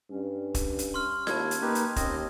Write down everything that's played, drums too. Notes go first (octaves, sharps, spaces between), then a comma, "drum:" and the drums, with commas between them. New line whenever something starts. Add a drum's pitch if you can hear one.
G2 C#4
drum: kick, hi-hat
drum: hi-hat
C6 C#6 F6
D#2 E4 A5 G#6, drum: snare F4
drum: hi-hat
A#3 D#4 G4 B4 C6
drum: hi-hat
D#2 C4 C#4 D#5, drum: kick, hi-hat